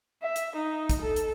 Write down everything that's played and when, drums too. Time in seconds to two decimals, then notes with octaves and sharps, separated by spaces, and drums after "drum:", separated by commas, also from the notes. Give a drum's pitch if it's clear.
0.22 E5
0.36 drum: hi-hat
0.56 D#4
0.90 drum: kick, hi-hat
1.02 A4
1.16 drum: hi-hat